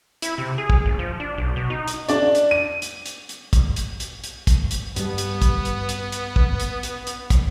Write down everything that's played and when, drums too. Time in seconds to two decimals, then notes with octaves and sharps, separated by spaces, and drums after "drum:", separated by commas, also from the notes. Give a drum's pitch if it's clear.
0.22 E4, drum: hi-hat
0.38 C3
0.58 G#4
0.70 drum: kick
0.85 A#1
0.99 F3
1.20 D4
1.38 B1
1.56 B2
1.70 D#4
1.88 drum: hi-hat
2.09 D4 D5, drum: hi-hat
2.35 drum: hi-hat
2.51 D#7
2.82 drum: hi-hat
3.06 drum: hi-hat
3.29 drum: hi-hat
3.53 drum: kick, hi-hat
3.76 drum: hi-hat
4.00 drum: hi-hat
4.24 drum: hi-hat
4.47 drum: kick, hi-hat
4.71 drum: hi-hat
4.96 G2 G3 B3, drum: hi-hat
5.18 drum: hi-hat
5.42 drum: kick, hi-hat
5.65 drum: hi-hat
5.89 drum: hi-hat
6.12 drum: hi-hat
6.36 drum: kick
6.60 drum: hi-hat
6.83 drum: hi-hat
7.07 drum: hi-hat
7.30 drum: kick, hi-hat